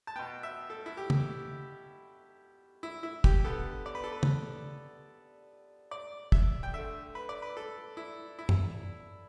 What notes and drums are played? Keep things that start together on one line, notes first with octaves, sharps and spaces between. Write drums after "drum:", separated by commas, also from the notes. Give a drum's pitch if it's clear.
A5
B2 B3 G5
E5
A4
E4
G4
drum: tom
E4
E4
G4, drum: kick
D3 B3 A4
D5
B4
A4
B4
drum: tom
D5
E5, drum: kick
G5
D3 A3 E5
B4
D5
B4
A4
E4
E4
drum: tom F#2